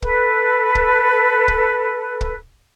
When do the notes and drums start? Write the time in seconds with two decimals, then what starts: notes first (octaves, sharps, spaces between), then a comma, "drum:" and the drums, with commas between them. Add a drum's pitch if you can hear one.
0.02 A4 B4, drum: kick
0.75 drum: kick
1.48 drum: kick
2.21 drum: kick